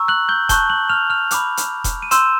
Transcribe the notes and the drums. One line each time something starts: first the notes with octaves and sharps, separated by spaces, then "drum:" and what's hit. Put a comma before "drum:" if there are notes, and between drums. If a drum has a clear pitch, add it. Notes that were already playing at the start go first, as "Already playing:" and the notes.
Already playing: A#5 C#6 E6
F#6 F#7
G6 G7
A5 C#6 F#6 G6 G7, drum: kick E1, hi-hat
F#6 F#7
F6 F7
F6 F7
B5 D6 F6, drum: hi-hat
drum: hi-hat
drum: kick E1, hi-hat
D#7
C6 E6 G6 E7, drum: hi-hat